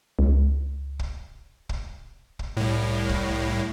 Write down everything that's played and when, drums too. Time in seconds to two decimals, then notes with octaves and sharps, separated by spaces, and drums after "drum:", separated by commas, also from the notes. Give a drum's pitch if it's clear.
0.19 C#2
0.99 drum: kick
1.69 drum: kick
2.39 drum: kick
2.57 C2 A2
3.09 drum: kick